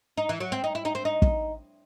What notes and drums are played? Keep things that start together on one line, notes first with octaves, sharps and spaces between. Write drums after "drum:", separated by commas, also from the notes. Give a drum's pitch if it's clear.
D#4
E3
F#3
C4
D#4
E4
D#4
C4
D#4
drum: kick